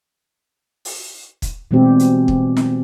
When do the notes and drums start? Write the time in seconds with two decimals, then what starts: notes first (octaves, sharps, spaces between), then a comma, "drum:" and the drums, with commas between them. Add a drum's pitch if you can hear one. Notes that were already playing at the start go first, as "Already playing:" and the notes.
0.85 drum: open hi-hat
1.42 drum: kick, hi-hat
1.71 B2 E3 G3 G#3 C4 G4
1.99 drum: hi-hat
2.28 drum: kick
2.57 drum: snare